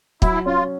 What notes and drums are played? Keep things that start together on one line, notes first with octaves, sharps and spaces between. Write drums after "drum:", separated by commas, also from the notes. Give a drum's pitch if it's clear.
F#3 E4, drum: kick
C#4 F4